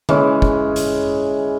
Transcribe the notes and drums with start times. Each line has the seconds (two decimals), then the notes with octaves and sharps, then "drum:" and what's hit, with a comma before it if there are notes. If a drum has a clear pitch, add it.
0.09 E3 G#3 C#4, drum: tom D3
0.42 drum: kick
0.76 drum: hi-hat